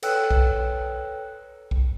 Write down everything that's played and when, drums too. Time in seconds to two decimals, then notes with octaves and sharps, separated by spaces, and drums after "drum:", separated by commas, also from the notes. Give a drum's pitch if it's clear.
0.02 A4 B4 C#5 G5 E6 F#6, drum: cymbal
0.31 drum: kick B1
1.71 drum: kick B1